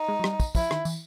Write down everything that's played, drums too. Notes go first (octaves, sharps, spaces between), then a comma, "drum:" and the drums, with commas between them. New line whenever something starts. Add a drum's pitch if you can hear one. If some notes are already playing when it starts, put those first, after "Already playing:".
Already playing: D#4
G#3
F#3
G3, drum: rim click
drum: kick, tambourine
F3 E4, drum: kick, tambourine
D#3, drum: rim click
E3, drum: tambourine